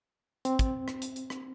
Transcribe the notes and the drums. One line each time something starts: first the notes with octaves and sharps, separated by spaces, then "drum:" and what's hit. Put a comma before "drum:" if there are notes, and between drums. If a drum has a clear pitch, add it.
C4, drum: hi-hat
drum: kick, hi-hat
drum: rim click
drum: hi-hat
drum: hi-hat
drum: rim click